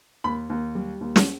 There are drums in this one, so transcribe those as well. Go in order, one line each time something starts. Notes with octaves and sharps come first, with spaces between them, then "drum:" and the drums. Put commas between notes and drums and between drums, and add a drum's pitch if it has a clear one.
D#2 B5
D#2
G3
D#2
drum: snare